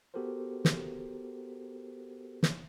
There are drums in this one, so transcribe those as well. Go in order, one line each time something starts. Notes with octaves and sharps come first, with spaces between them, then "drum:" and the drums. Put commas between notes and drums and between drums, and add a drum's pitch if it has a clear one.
B3 F#4 G4 A4 A#4 C5
drum: snare
drum: snare